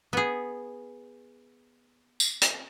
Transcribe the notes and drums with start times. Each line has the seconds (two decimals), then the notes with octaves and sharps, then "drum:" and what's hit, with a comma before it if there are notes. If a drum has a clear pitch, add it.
0.13 B3 G#4
2.20 drum: tambourine
2.41 drum: hi-hat